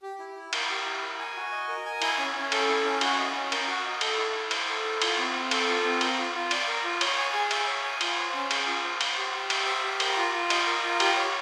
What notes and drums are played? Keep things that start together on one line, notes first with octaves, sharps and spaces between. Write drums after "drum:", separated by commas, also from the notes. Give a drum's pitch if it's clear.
G4
E4
E4
A#4, drum: cymbal
G4
E4
A#4
G#5
F#4
D#5
A#4
G#5
E4, drum: cymbal
C#4
C#4
A4, drum: cymbal
E4
C#4
F#4, drum: cymbal
D#5
C#4
A#4, drum: cymbal
F#4
D#5
A4, drum: cymbal
E4
E4
C5, drum: cymbal
A4
E4
F4, drum: cymbal
C4
C4
A4, drum: cymbal
F4
C4
A#4, drum: cymbal
F4
F4
D5, drum: cymbal
A#4
F4
C#5, drum: cymbal
G#5
G#4
E5, drum: cymbal
C#5
G#5
F4, drum: cymbal
C5
C#4
G#4, drum: cymbal
F4
C5
C5, drum: cymbal
G4
G4
E5, drum: cymbal
C5
G4
A#4, drum: cymbal
F4
F4
D#5, drum: cymbal
A#4
F4
G4, drum: cymbal
C#5